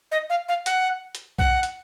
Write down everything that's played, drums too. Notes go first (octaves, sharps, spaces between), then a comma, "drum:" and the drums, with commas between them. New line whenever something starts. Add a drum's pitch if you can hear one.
D#5
F5
F5
F#5, drum: hi-hat
drum: hi-hat
F#5, drum: kick B1
drum: hi-hat